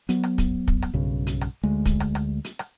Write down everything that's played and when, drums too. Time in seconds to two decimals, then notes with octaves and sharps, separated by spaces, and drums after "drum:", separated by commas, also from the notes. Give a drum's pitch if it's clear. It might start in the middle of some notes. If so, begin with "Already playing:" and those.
0.09 F#3 B3, drum: hi-hat
0.23 drum: rim click
0.38 drum: kick, hi-hat
0.68 drum: kick
0.82 drum: rim click
0.94 B1 G2 C#3
1.27 drum: hi-hat
1.41 drum: rim click
1.63 D2 G#3
1.86 drum: kick, hi-hat
2.00 drum: rim click
2.15 drum: rim click
2.44 drum: hi-hat
2.59 drum: rim click